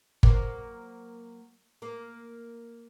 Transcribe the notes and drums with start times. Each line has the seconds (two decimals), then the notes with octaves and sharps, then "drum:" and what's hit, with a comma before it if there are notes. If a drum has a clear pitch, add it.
0.23 F#3 A#3 C5, drum: kick G1
1.82 A#3